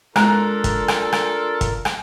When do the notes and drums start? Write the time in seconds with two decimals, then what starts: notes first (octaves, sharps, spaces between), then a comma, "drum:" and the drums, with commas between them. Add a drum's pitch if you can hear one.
0.16 G#3 D4 F4 A4 A#4 A#5 F#6, drum: rim click
0.64 drum: kick, hi-hat
0.88 drum: rim click
1.12 drum: rim click
1.61 drum: kick, hi-hat
1.85 drum: rim click